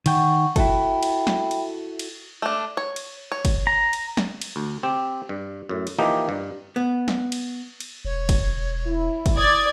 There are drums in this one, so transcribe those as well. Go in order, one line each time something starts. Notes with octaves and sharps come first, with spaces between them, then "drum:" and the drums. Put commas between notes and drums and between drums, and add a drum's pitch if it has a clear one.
D#3 F#5 G5 C#6, drum: cymbal
E4 F#4 A4 E5 G5 B5, drum: kick, cymbal
drum: cymbal
drum: snare
drum: cymbal
drum: cymbal
A3 D4
C#5
drum: cymbal
C#5
drum: kick, cymbal
A#5
drum: cymbal
drum: snare
drum: cymbal
D2
C4 G4
G2
F#2 A2
drum: cymbal
E3 F3 A#3 D#4 G4
G2
B3
drum: snare
drum: cymbal
drum: cymbal
E1 C#5
drum: kick, cymbal
E4
drum: kick, cymbal
D5 D#6 G#6